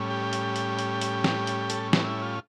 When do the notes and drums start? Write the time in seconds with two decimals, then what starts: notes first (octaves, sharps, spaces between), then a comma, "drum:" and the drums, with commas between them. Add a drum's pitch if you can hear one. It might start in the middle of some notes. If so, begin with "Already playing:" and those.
Already playing: A2 G3 C#4
0.10 G4
0.33 drum: hi-hat
0.56 drum: hi-hat
0.79 drum: hi-hat
1.01 drum: hi-hat
1.24 drum: snare
1.47 drum: hi-hat
1.70 A4, drum: hi-hat
1.93 drum: snare
2.04 E4
2.22 F4